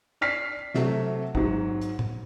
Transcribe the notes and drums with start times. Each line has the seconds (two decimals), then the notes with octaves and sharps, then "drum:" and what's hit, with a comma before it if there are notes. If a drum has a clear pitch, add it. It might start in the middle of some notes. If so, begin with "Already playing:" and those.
0.21 D5 F6 B6 C7
0.74 C3 F#3 A3, drum: snare
1.35 G#2 F#3, drum: kick
1.81 drum: hi-hat
1.99 drum: tom